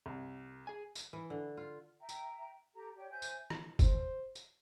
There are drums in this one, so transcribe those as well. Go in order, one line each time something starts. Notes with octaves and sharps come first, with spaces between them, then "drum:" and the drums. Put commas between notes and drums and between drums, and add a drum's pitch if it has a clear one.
C2
G#4 G#5
drum: tambourine
E3
D3
F4
E5 G5 A#5
drum: tambourine
G4 A4 A#5
G4 C#5 D5 G5
C5 E5 G#5 G6
drum: tambourine
drum: rim click
C5, drum: kick, tambourine
drum: tambourine